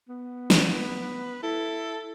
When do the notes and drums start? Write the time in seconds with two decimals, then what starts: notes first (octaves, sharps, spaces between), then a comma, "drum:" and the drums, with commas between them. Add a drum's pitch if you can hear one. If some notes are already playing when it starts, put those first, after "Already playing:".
0.09 B3
0.50 drum: snare
0.74 B4
1.43 E4 A4